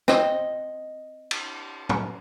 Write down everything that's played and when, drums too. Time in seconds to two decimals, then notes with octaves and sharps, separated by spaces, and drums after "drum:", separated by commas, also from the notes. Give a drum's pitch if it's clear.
0.08 C4 C5 D#5, drum: snare
1.31 drum: cymbal
1.89 drum: tom A2